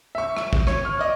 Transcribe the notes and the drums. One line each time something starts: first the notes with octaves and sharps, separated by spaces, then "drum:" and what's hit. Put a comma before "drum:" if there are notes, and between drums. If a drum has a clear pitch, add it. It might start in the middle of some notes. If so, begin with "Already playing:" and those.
E5 C#6
drum: rim click
drum: kick
C#5, drum: rim click
F6
D5 D#5